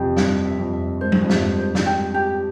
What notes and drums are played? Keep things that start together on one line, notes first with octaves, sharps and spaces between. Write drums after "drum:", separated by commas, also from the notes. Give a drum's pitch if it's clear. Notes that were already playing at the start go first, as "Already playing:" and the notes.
Already playing: F2 C3 G4
G2 C5, drum: snare
E5
F2
E5
G#2 C5
G2, drum: tom
F2
G2 E5, drum: snare
G2
C5
drum: snare
G4
G4